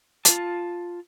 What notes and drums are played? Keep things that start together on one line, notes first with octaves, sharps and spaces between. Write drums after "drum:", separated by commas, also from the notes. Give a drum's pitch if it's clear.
F4 A5, drum: hi-hat